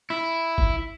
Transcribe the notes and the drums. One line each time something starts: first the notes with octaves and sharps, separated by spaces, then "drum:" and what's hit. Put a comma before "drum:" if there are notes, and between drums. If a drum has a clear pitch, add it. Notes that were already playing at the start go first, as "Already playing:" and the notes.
E4
drum: kick G1